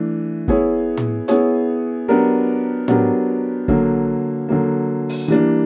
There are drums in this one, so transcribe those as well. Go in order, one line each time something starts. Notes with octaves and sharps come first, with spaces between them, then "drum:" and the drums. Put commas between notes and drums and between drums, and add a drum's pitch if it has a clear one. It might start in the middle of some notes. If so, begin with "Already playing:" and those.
Already playing: E3 A3 D4
B3 E4 G#4 C#5, drum: kick
drum: tom
B3 E4 G#4 C#5, drum: hi-hat
F#3 B3 D4 G4 A#4
F#3 B3 D4 G4 A#4, drum: tom
D3 F#3 A#3, drum: kick
D3 F#3 A#3
drum: open hi-hat
E3 G3 A#3 D4